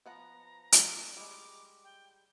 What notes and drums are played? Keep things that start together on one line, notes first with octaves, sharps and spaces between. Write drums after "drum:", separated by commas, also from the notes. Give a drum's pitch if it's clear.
F3 B3 F#5 A#5
drum: hi-hat
G3 G#3 D6
G5